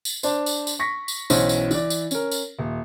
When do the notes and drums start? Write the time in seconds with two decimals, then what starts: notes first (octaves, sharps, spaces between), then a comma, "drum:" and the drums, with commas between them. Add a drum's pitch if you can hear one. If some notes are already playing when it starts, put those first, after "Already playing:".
0.05 drum: tambourine
0.23 D4 C5, drum: tambourine
0.46 drum: tambourine
0.67 drum: tambourine
0.79 C#6 A#6 B6
1.08 drum: tambourine
1.30 B1 E3 C#4 C5 C#5, drum: tambourine
1.49 drum: tambourine
1.71 E3 D5, drum: tambourine
1.90 drum: tambourine
2.11 C#4 A#4, drum: tambourine
2.31 drum: tambourine
2.59 D#1